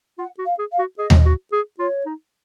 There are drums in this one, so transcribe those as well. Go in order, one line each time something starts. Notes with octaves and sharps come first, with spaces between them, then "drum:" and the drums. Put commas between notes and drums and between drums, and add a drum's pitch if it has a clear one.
F4 F#5
F#4
F5
G#4
F5
F#4
G#4 D#5
drum: tom D#2
F#4
G#4
F4 C#5
D#4